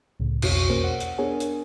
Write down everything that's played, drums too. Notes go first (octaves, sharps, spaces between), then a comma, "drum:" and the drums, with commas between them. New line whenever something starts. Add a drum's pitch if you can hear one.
C#2 A2 C#3
B1 F2 B2 F#4 C#5 C#6, drum: cymbal
E2 B2 A#3 C#4 A#4 C5
F#5
drum: hi-hat
B3 D4 G#4 A#4 C#5 G#5
drum: hi-hat